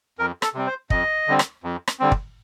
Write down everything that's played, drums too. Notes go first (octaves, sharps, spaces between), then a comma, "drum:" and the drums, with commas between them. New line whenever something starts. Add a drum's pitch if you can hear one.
F2 A#4
A4, drum: rim click
C3 G3 C4
C5
F2 D#5, drum: kick
D3 G3 C4
drum: rim click
F2
drum: rim click
D3 G3 C4
drum: kick